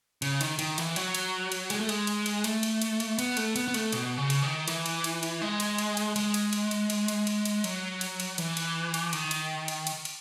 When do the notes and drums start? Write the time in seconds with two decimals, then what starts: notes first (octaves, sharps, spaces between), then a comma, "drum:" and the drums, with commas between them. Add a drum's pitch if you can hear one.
0.22 C#3, drum: cymbal
0.41 D#3, drum: cymbal
0.59 D#3, drum: cymbal
0.78 E3, drum: cymbal
0.96 F#3, drum: cymbal
1.15 drum: cymbal
1.52 drum: cymbal
1.70 G#3, drum: cymbal
1.80 A3
1.89 G#3, drum: cymbal
2.07 drum: cymbal
2.26 drum: cymbal
2.44 A3, drum: cymbal
2.63 drum: cymbal
2.82 drum: cymbal
3.00 drum: cymbal
3.19 B3, drum: cymbal
3.37 A3, drum: cymbal
3.56 B3, drum: cymbal
3.68 B3
3.74 A3, drum: cymbal
3.93 B2, drum: cymbal
4.17 C#3
4.30 drum: cymbal
4.42 D#3
4.68 E3, drum: cymbal
4.86 drum: cymbal
5.04 drum: cymbal
5.23 drum: cymbal
5.42 G#3
5.60 drum: cymbal
5.78 drum: cymbal
5.97 drum: cymbal
6.16 G#3, drum: cymbal
6.34 drum: cymbal
6.53 drum: cymbal
6.71 drum: cymbal
6.90 drum: cymbal
7.08 drum: cymbal
7.27 drum: cymbal
7.45 drum: cymbal
7.64 F#3, drum: cymbal
8.01 drum: cymbal
8.20 drum: cymbal
8.38 E3, drum: cymbal
8.57 drum: cymbal
8.94 drum: cymbal
9.13 D#3, drum: cymbal
9.31 drum: cymbal
9.68 drum: cymbal
9.87 drum: cymbal
10.05 drum: cymbal